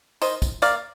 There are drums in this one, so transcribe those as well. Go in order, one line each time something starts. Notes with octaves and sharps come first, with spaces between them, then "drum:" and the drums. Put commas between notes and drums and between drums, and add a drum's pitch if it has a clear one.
D#3 C5 D#5, drum: tambourine
drum: kick, tambourine
A#3 D5 F5, drum: tambourine